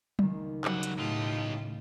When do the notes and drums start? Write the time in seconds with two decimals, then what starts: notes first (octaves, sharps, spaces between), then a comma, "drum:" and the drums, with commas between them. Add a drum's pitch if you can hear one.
0.19 C#2 D#3, drum: tom F#3
0.65 F#3 G3 F#5, drum: clap
0.83 drum: hi-hat
0.97 B1 A2 D#4 F4 G4 A5